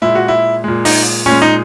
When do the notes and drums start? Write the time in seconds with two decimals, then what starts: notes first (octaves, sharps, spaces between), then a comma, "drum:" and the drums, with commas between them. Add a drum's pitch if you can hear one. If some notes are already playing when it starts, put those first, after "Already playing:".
0.02 A#2 G#3 E4
0.15 F#4
0.28 E4
0.64 A#2 G#3
0.85 D#4, drum: open hi-hat
1.26 A#2 G#3 C#4
1.42 D#4